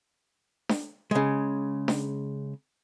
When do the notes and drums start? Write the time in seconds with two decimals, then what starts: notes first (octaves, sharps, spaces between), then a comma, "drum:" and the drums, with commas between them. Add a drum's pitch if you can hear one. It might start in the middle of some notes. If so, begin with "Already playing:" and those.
0.69 drum: snare D4
1.11 C#3 G#3
1.88 drum: snare D4